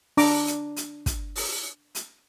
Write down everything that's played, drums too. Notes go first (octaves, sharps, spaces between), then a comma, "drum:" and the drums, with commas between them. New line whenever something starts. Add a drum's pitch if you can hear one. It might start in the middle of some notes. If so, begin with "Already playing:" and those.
D4 A#5 D6, drum: open hi-hat
drum: hi-hat
drum: hi-hat
drum: kick, hi-hat
drum: open hi-hat
drum: hi-hat